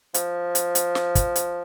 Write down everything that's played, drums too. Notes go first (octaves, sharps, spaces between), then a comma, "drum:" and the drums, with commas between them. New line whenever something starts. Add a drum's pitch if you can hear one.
F3, drum: hi-hat
drum: hi-hat
drum: hi-hat
drum: snare
drum: kick, hi-hat
drum: hi-hat